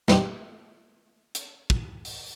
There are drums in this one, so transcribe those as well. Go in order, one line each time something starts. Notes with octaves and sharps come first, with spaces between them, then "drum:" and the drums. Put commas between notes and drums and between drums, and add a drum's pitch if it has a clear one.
G3 B3 C4 D#4 G4, drum: snare
drum: hi-hat
drum: kick
drum: open hi-hat